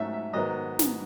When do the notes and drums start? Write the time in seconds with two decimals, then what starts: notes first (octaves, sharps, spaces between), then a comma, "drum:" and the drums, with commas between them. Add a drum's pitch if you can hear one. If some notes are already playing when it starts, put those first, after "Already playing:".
Already playing: G#2 F#3 A3 C#4 E5
0.13 E5
0.33 G#2 D#3 F#3 B3 D#5
0.79 drum: snare